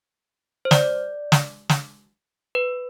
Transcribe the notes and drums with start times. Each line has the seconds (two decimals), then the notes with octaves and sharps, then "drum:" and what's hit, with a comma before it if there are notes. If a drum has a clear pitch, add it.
0.65 C5
0.71 D5, drum: snare
1.32 drum: snare
1.69 drum: snare
2.55 B4